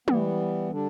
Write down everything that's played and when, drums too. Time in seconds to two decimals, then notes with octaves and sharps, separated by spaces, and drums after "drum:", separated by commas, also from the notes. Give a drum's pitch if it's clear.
0.08 E3 G3 B3, drum: tom
0.70 D3 G3 D4